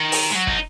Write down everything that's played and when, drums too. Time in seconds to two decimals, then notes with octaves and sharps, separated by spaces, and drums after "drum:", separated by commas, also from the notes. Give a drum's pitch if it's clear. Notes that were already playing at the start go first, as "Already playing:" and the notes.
Already playing: D#3
0.12 drum: open hi-hat
0.31 G#3
0.35 F#3
0.47 D#4, drum: kick